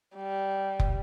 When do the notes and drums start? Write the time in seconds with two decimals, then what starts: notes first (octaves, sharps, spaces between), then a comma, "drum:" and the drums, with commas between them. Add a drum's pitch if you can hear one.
0.16 G3
0.80 drum: kick F1